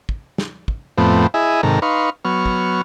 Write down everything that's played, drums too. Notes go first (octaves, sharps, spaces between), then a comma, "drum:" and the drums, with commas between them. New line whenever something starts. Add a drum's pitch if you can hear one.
drum: kick
drum: snare
drum: kick
F2 A2 F3 A3 B3 C4
E4 G#4 D#5 E5 G#5
G#2 C3 D#3 A4 A#4 A#5
D#4 B4 F5 C6 C#6
F#3 B3 C#6 F6
drum: kick